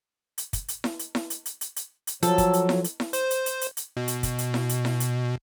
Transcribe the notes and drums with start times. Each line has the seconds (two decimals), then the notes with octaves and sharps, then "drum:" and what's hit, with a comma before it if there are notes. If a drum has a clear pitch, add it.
0.38 drum: hi-hat
0.53 drum: kick, hi-hat
0.68 drum: hi-hat
0.84 drum: snare E4
0.99 drum: hi-hat
1.15 drum: snare E4
1.30 drum: hi-hat
1.46 drum: hi-hat
1.61 drum: hi-hat
1.76 drum: hi-hat
2.07 drum: hi-hat
2.23 F3 F#3 A4, drum: hi-hat
2.38 drum: kick, hi-hat
2.53 drum: hi-hat
2.69 drum: snare E4
2.84 drum: hi-hat
3.00 drum: snare E4
3.13 C5, drum: hi-hat
3.31 drum: hi-hat
3.46 drum: hi-hat
3.61 drum: hi-hat
3.77 drum: hi-hat
3.97 B2
4.08 drum: hi-hat
4.23 drum: kick, hi-hat
4.38 drum: hi-hat
4.54 drum: snare E4
4.69 drum: hi-hat
4.85 drum: snare E4
5.00 drum: hi-hat